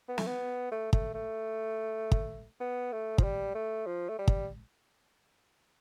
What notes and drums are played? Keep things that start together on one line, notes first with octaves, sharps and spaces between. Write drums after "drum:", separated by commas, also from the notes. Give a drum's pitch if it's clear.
B3
A3, drum: snare
B3
A3
A3, drum: kick
A3
drum: kick
B3
A3
F3, drum: kick
G3
A3
F3
A3
G3
drum: kick